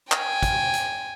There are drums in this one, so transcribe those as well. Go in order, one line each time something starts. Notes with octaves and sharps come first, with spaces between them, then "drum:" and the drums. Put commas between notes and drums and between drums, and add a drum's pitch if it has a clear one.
G5 G#5, drum: clap
drum: kick, hi-hat
drum: hi-hat